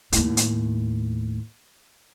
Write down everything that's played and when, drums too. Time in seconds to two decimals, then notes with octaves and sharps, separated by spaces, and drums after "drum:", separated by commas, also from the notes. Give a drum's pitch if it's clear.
0.12 D#2 A2, drum: hi-hat
0.37 drum: hi-hat